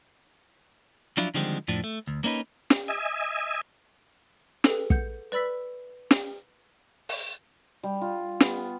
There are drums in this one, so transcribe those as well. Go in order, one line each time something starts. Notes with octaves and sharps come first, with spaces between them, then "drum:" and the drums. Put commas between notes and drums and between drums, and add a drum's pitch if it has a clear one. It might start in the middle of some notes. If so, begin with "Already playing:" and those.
F3 F#3 D4 E4 F4
D3 D#3 F3 G3 G#3 C4
F2 A2 F3 D4
A3
D2
A#3 C#4 D#4 B4
drum: snare
D#5 E5 G#5
G#4 A4 B4, drum: snare
F#5 G6, drum: kick
B4 D5 B5 E6 B6
drum: snare
drum: open hi-hat
G3
F4
B3, drum: snare